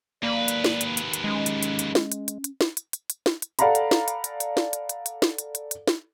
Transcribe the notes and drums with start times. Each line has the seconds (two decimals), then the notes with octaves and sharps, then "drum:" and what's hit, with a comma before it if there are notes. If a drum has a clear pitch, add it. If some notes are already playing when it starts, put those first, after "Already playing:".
0.23 D#2 A#3 B4 D5
0.48 drum: hi-hat
0.64 drum: snare
0.81 drum: hi-hat
0.97 drum: hi-hat
1.13 drum: hi-hat
1.24 G#3 C#4
1.46 drum: hi-hat
1.63 drum: hi-hat
1.79 drum: hi-hat
1.95 drum: snare
2.12 drum: hi-hat
2.28 drum: hi-hat
2.44 drum: hi-hat
2.61 drum: snare
2.77 drum: hi-hat
2.93 drum: hi-hat
3.10 drum: hi-hat
3.26 drum: snare
3.42 drum: hi-hat
3.59 A4 D5 F5 F#5 A#5 B5, drum: hi-hat
3.75 drum: hi-hat
3.91 drum: snare
4.08 drum: hi-hat
4.24 drum: hi-hat
4.40 drum: hi-hat
4.57 drum: snare
4.73 drum: hi-hat
4.89 drum: hi-hat
5.06 drum: hi-hat
5.22 drum: snare
5.38 drum: hi-hat
5.55 drum: hi-hat
5.71 drum: hi-hat
5.88 drum: snare